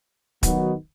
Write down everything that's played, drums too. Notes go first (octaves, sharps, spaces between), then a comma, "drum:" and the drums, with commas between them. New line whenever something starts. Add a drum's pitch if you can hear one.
D#3 F#3 B3 D#4 F#4, drum: kick, hi-hat